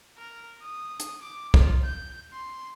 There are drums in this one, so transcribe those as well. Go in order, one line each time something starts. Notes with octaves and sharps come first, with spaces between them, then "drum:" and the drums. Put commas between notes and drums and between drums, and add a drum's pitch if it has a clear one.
A#4
D#6
drum: hi-hat
D6
F4, drum: kick
G6
C6